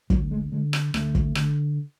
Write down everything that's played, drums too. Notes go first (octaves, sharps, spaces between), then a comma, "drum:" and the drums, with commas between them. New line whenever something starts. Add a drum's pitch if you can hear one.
D2 F#3, drum: kick
G#3
D3 G#3
drum: rim click
D2 A3, drum: rim click
drum: kick
D3, drum: rim click